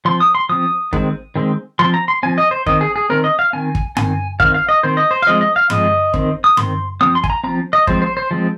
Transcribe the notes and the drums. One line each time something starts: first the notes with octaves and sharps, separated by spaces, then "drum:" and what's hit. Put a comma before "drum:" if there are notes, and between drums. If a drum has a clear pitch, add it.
F3 C4 C6
D#6
C6
F3 C4 D#6
D#3 G#3 C4, drum: kick
D#3 G#3 C4
F3 C4 C6
A#5
C6
F3 C4 G#5
D#5
C5
D#3 C4 D#5, drum: kick
G#4
G#4
D#3 C4 A#4
D#5
F5
D#3 C4 G#5
drum: kick
D#3 C4 G#5, drum: tom G2
D#3 C4 F5, drum: kick
F5
D#5
D#3 C4 C5
D#5
C5
F5
F3 G#3 C4 D#5
D#5
F5
F3 G#3 C4 D#5, drum: tom G2
D#3 C4, drum: kick
D#6
D#3 C4 C6, drum: tom G2
F3 C4 D#6
C6
G#5, drum: kick
A#5
F3 C4 A#5
D#5
F3 G#3 C4 C5, drum: kick
C5
C5
F3 G#3 C4